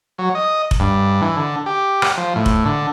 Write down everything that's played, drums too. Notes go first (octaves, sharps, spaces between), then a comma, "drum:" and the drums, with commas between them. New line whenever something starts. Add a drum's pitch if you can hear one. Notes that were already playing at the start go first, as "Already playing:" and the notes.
F#3
D#5
drum: kick F1
G2
E3
D3
G4
drum: rim click
F3
A2
drum: kick F1
D3